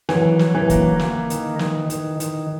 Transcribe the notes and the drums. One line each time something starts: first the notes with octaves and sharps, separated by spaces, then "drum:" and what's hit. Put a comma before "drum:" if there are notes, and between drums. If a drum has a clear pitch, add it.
E3 F#3, drum: snare
F#3, drum: snare
E3
A#3, drum: kick F1, hi-hat
A#3, drum: snare
D#3, drum: hi-hat
D#3, drum: snare
D#3, drum: hi-hat
D#3, drum: hi-hat